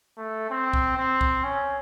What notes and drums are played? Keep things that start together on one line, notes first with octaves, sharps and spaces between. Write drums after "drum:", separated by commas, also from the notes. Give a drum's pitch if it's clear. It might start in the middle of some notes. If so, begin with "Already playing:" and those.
A3
C4
drum: kick C2
C4
drum: kick C2
C#4